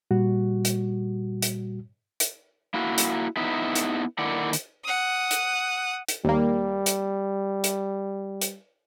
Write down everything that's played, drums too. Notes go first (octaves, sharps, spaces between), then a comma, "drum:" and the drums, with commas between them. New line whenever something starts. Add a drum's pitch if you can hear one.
A#2 G3 F#4
drum: hi-hat
drum: hi-hat
drum: hi-hat
A#3 E4 F#4
drum: hi-hat
B3 D#4 E4 B4 E5
drum: hi-hat
D3 D#3 A#3 E4 D5 F#5
drum: hi-hat
F#5 D#6
drum: hi-hat
drum: hi-hat
D#2 G3 A#3
drum: hi-hat
drum: hi-hat
drum: hi-hat